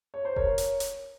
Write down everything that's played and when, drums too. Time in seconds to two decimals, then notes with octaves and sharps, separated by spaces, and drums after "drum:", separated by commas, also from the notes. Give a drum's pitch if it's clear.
0.14 C#5
0.25 C5
0.36 A#4 C#5, drum: kick F1
0.58 drum: hi-hat
0.80 drum: hi-hat